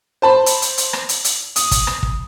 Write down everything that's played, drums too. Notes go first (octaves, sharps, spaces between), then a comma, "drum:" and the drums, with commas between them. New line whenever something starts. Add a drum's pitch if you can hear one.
C5 A5 B5
drum: hi-hat
drum: hi-hat
drum: hi-hat
drum: rim click
drum: hi-hat
drum: hi-hat
D#6, drum: hi-hat
drum: kick, hi-hat
drum: rim click
drum: kick